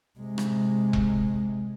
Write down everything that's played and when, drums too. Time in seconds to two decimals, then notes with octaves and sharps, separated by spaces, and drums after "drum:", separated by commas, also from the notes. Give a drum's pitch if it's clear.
0.19 C3 G#3
0.38 drum: rim click
0.93 drum: kick E1